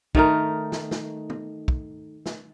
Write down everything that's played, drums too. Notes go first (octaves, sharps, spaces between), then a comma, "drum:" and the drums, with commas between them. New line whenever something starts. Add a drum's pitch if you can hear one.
D#3 A3 D#4 A#4, drum: kick
drum: snare
drum: snare
drum: tom D#3
drum: kick
drum: snare